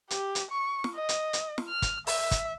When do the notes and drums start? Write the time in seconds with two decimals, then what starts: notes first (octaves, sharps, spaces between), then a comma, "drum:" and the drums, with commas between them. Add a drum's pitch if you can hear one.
0.10 G4, drum: hi-hat
0.35 drum: hi-hat
0.51 C#6
0.84 drum: snare
0.95 D#5
1.09 drum: hi-hat
1.33 drum: hi-hat
1.58 drum: snare
1.69 F6
1.82 drum: kick, hi-hat
2.07 E5, drum: open hi-hat
2.31 drum: kick, hi-hat